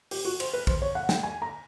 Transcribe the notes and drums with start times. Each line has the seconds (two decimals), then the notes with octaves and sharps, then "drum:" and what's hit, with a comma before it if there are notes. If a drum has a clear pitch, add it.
0.11 G4, drum: open hi-hat
0.25 F#4
0.40 C5, drum: cymbal
0.53 B4
0.67 C5, drum: kick
0.82 C#5
0.95 F#5
1.09 G5, drum: snare
1.23 G#5
1.42 A#5